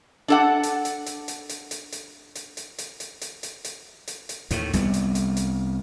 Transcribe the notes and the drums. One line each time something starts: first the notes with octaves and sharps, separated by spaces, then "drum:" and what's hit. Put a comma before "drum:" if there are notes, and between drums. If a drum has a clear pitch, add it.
D4 A4 F#5
drum: hi-hat
drum: hi-hat
drum: hi-hat
drum: hi-hat
drum: hi-hat
drum: hi-hat
drum: hi-hat
drum: hi-hat
drum: hi-hat
drum: hi-hat
drum: hi-hat
drum: hi-hat
drum: hi-hat
drum: hi-hat
drum: hi-hat
drum: hi-hat
D#2 A2, drum: hi-hat
C2 G3 B3, drum: hi-hat
drum: hi-hat
drum: hi-hat
drum: hi-hat